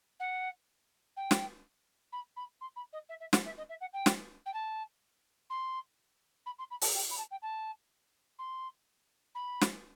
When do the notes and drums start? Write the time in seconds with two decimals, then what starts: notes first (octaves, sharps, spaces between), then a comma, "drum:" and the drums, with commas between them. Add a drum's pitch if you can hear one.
0.20 F#5
1.17 G5
1.31 drum: snare
2.12 B5
2.36 B5
2.61 C6
2.76 B5
2.93 D#5
3.09 E5
3.20 E5
3.33 F#5, drum: snare
3.45 E5
3.57 D#5
3.69 E5
3.81 F#5
3.93 G5
4.06 drum: snare
4.46 G5
4.54 A5
5.50 C6
6.46 B5
6.59 C6
6.71 B5
6.81 A5, drum: open hi-hat
6.95 G5
7.11 B5
7.18 A5
7.31 G5
7.42 A5
8.39 C6
9.35 B5
9.61 drum: snare